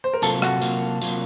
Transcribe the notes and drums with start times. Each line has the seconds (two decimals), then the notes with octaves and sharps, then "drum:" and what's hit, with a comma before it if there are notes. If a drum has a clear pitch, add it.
0.04 C5
0.13 A#4
0.22 C3 F#3 A#3 F4 A4, drum: tambourine
0.42 F#4, drum: rim click
0.61 C3 F#3 A#3 F4, drum: tambourine
1.02 C3 F#3 A#3 F4, drum: tambourine